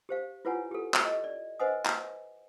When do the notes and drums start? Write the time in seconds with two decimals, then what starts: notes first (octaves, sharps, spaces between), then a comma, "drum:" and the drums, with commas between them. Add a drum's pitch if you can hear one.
0.09 G4 C5 F5
0.45 E4 F4 B4 C#5 F#5 G#5
0.71 G4 A4
0.94 drum: clap
1.05 D#5
1.24 D5
1.59 B4 C5 D#5 F#5 G#5 D#6
1.86 drum: clap